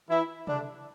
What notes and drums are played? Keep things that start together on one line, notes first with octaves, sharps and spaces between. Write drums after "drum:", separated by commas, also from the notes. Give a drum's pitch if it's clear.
E3 E4
D3 D4, drum: tom C3